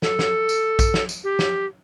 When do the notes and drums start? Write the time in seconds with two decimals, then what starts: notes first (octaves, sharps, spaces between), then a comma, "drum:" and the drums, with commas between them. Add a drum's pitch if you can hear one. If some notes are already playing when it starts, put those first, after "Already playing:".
0.02 A4, drum: snare
0.19 drum: snare
0.49 drum: tambourine
0.79 drum: kick A#1, tambourine
0.94 drum: snare
1.09 drum: tambourine
1.24 G4
1.39 drum: snare